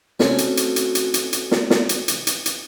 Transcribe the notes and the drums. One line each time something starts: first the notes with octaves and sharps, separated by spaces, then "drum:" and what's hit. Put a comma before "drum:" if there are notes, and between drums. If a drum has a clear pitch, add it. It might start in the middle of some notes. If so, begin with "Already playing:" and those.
A3 C4 C#4 F#4, drum: snare
drum: hi-hat
drum: hi-hat
drum: hi-hat
drum: hi-hat
drum: hi-hat
drum: hi-hat
drum: snare
drum: snare
drum: hi-hat
drum: hi-hat
drum: hi-hat
drum: hi-hat